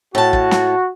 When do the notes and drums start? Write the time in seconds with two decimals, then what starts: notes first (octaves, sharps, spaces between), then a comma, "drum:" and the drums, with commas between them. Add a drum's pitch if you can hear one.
0.15 A2 F#4 A5
0.33 drum: kick
0.51 drum: snare